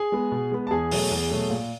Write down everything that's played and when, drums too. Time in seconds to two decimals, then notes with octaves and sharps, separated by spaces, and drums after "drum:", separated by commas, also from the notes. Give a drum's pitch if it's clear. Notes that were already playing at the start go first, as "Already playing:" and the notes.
Already playing: G#4 G#5
0.12 G#3 B3
0.32 B2
0.52 G#3 B3
0.67 A5
0.71 E2 G#4 G#5
0.91 B2 F#3 A3, drum: open hi-hat
1.11 E2
1.30 B2 F#3 A3
1.50 A#2